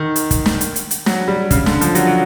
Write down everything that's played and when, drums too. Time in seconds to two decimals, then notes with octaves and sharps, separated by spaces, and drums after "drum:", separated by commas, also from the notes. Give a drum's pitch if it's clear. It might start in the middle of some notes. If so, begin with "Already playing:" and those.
Already playing: D#3
0.16 drum: hi-hat
0.31 drum: kick, hi-hat
0.46 drum: snare
0.61 drum: hi-hat
0.76 drum: hi-hat
0.91 drum: hi-hat
1.06 F#3, drum: snare
1.28 G3
1.51 C#3, drum: kick, hi-hat
1.66 D3, drum: snare
1.81 F3, drum: hi-hat
1.95 F#3, drum: hi-hat
2.07 F#3